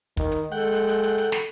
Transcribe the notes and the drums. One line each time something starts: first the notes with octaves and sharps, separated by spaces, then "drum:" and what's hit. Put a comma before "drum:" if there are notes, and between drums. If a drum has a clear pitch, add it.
D#3, drum: kick, hi-hat
drum: hi-hat
G#3 A4 F#5 G5
drum: hi-hat
drum: hi-hat
drum: hi-hat
drum: hi-hat
drum: snare